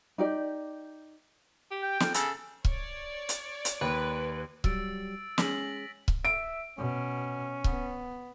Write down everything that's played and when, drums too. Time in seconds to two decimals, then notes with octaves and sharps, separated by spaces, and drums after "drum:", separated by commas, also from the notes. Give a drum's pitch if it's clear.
0.18 D#4 G4 D5
1.71 G4
1.83 G5
2.00 F2, drum: snare
2.14 C#3 A4, drum: hi-hat
2.65 C#5 D5, drum: kick C#1
3.29 drum: hi-hat
3.65 drum: hi-hat
3.81 D#2 B4
4.64 F#3 G3 E6 A6 D7, drum: kick C#1
5.38 G#3 C#4 G#4 A#6 B6 F#7, drum: snare
6.08 drum: kick C#1
6.25 E5 D7
6.78 B2 C#4
7.64 B3, drum: kick C#1